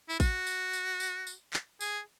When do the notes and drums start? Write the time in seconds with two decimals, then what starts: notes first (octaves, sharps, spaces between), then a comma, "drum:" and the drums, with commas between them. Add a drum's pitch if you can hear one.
0.09 E4
0.20 F#4, drum: kick A1, tambourine
0.47 drum: tambourine
0.73 drum: tambourine
1.00 drum: tambourine
1.27 drum: tambourine
1.53 drum: clap
1.81 G#4, drum: tambourine